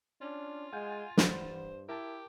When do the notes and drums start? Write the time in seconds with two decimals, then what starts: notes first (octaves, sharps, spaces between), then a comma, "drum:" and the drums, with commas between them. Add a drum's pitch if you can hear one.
0.21 C#4 D4 F4
0.73 G#3 F5 F#5 G#5 G6
1.17 G2 E3 C5 F#5 B5, drum: snare
1.89 E4 G4 A#4 A5